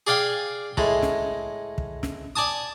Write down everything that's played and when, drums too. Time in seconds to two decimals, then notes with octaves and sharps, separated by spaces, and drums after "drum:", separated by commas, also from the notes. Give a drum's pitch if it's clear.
0.07 G#4 D5 F5 G5 G#5
0.77 A2 G#3, drum: kick
1.02 drum: snare
1.78 drum: kick
2.03 drum: snare
2.36 D5 G#5 A5 D#6